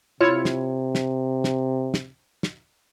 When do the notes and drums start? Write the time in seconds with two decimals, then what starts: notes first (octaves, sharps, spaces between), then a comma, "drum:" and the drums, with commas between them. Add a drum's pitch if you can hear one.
0.21 C3 E4 F4 C#5
0.45 drum: snare
0.95 drum: snare
1.44 drum: snare
1.94 drum: snare
2.43 drum: snare